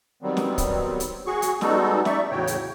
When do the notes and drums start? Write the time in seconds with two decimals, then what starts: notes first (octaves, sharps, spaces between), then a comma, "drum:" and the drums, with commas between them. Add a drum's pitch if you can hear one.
0.23 D#3 F#3 G3 B3 C4
0.37 drum: snare
0.58 drum: kick, hi-hat
1.00 drum: hi-hat
1.26 F#4 G#4 C#6
1.42 drum: hi-hat
1.61 G3 G#3 B3 D#4 F#4 A4, drum: snare
2.05 D#4 D5 E5 C#6, drum: snare
2.31 E2 A2 C#3 F#4 C#5 G5
2.47 drum: hi-hat